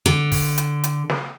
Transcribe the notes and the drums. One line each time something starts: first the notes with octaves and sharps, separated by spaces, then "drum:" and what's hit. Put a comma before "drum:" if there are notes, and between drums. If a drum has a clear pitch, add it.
D3
drum: kick, open hi-hat
drum: hi-hat
drum: hi-hat
drum: snare